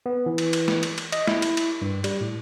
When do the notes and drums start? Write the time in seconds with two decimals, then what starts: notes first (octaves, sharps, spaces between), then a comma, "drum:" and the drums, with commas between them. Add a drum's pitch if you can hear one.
0.06 B3
0.26 E3
0.38 drum: cymbal
0.53 drum: cymbal
0.68 drum: snare
0.83 drum: cymbal
0.98 drum: cymbal
1.12 D#5, drum: cymbal
1.27 E4, drum: snare
1.42 drum: cymbal
1.57 drum: cymbal
1.82 G2
2.04 G3, drum: cymbal
2.21 A2